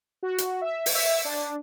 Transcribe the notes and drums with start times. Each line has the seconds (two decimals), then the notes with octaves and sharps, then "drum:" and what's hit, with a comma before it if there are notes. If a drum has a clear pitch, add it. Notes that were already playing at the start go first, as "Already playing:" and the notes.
0.23 F#4
0.38 drum: hi-hat
0.61 E5
0.86 drum: open hi-hat
0.95 E5
1.25 D4